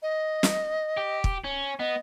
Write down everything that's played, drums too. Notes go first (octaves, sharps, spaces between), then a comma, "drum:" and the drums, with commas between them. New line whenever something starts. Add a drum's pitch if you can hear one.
D#5
drum: snare
G4
drum: kick
C#4
B3 D#5